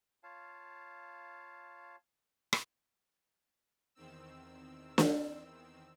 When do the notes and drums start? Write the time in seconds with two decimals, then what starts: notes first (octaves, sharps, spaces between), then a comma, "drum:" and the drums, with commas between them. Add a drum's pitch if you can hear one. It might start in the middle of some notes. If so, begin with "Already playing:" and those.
0.23 F4 C#5 F5 A5
2.53 drum: rim click
3.95 E2 D#3 C4 E6
4.98 drum: snare